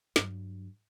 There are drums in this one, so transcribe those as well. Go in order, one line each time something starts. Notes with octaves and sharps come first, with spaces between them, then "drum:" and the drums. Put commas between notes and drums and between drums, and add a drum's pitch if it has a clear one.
G2 F#3, drum: snare